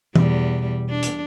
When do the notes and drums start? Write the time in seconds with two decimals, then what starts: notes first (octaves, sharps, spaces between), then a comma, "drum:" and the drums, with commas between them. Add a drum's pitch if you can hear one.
0.15 E2 B2 G3, drum: tom
0.90 D4
1.03 drum: hi-hat